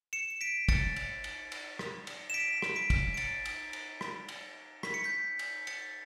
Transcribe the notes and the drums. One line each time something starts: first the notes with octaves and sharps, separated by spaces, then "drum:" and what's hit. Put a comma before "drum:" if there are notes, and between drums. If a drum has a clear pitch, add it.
C#7 E7
C#7
B6 D7
A6 C#7, drum: kick, cymbal
drum: cymbal
drum: cymbal
drum: cymbal
drum: rim click
drum: cymbal
E7
B6 D7
drum: rim click
B6 D7
drum: kick, cymbal
D7
A6 C#7, drum: cymbal
drum: cymbal
drum: cymbal
drum: rim click
drum: cymbal
B6, drum: rim click
C#7
G6 B6
drum: cymbal
A6 C#7, drum: cymbal